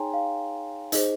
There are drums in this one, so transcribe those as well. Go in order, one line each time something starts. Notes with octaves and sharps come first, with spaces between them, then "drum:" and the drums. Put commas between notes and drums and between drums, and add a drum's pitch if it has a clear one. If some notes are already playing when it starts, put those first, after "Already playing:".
Already playing: D#4 G#4 C#5 G5 G#5 A#5 C6
F5
D#4 G#4 C5 D#5, drum: hi-hat